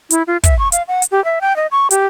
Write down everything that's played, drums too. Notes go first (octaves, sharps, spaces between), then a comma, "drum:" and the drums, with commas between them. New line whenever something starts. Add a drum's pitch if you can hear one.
E4, drum: hi-hat
F4
E5, drum: kick, hi-hat
C#6
F5, drum: hi-hat
F#5
drum: hi-hat
G4
E5
G5
D#5
C#6
G4, drum: hi-hat